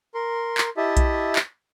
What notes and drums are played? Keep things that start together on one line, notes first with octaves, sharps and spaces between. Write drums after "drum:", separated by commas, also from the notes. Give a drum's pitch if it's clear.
A#4 C6
drum: clap
E4 G4 D#5 E5 A5
drum: kick B1, hi-hat
drum: clap